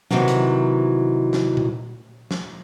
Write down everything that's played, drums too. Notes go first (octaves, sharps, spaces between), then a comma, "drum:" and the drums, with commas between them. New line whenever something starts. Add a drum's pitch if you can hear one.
C3 D#3 E3 F#3, drum: snare
drum: hi-hat
drum: snare
drum: tom A#2
drum: snare